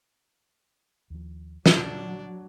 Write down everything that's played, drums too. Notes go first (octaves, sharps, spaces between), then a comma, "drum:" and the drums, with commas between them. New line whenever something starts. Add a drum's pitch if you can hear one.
D#2 F3
A#2 D3 F#3 G3 D4 D5, drum: snare